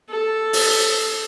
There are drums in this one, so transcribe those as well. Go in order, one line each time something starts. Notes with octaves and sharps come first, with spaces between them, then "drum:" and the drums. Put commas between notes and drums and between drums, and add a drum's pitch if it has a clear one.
A4
drum: open hi-hat